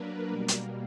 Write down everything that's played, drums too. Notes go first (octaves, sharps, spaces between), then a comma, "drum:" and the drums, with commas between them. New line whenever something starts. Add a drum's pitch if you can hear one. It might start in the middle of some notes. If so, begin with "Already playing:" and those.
Already playing: F#3 A#3 D4 A#4 B4
B2 G3 A#3
drum: hi-hat